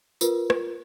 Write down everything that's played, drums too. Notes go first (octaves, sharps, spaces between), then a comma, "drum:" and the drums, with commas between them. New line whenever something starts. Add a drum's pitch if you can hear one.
F4 A#4 B4, drum: tambourine
drum: rim click